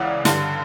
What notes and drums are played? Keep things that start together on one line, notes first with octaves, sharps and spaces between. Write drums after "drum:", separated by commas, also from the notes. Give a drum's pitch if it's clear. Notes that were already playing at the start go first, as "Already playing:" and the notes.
Already playing: C#2 C#3 E3 D5 F#5
G2 D3, drum: snare